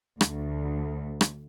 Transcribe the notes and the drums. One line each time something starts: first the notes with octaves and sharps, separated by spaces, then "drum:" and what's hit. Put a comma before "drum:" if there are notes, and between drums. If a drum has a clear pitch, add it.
D2, drum: rim click
drum: rim click